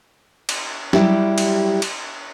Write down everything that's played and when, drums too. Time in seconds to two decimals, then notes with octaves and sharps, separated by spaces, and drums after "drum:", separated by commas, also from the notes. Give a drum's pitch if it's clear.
0.49 drum: cymbal
0.93 F#3 G3 E4 G4, drum: snare
1.38 drum: cymbal
1.82 drum: cymbal